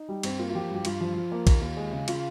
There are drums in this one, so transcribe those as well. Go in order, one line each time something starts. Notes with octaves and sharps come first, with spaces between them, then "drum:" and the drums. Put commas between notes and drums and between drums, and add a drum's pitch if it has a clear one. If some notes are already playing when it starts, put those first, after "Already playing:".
Already playing: D#4
G3
G2 C4, drum: cymbal
A#3 F4
F4
F3 G4
G2 G4
G2 F4, drum: cymbal
F3
F3
A#3
D#2, drum: kick A#1, cymbal
D#2
G#3
C#3
C#3 F4, drum: cymbal